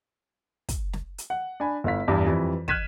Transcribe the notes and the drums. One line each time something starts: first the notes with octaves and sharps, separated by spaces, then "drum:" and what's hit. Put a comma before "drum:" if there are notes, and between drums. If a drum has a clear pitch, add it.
drum: kick, hi-hat
drum: snare
drum: hi-hat
F#5
D4 G#5 B5
G1 E4 F5 B6
E2 G2
F2 E3 G3
F6 F#6 G#6 B6 D#7 E7, drum: kick